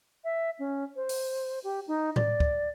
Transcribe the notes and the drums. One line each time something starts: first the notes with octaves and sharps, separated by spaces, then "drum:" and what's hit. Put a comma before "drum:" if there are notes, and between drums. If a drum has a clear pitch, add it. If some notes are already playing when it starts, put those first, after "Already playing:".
E5
C#4
C5
drum: open hi-hat
G4
D#4
D5, drum: tom A2
drum: kick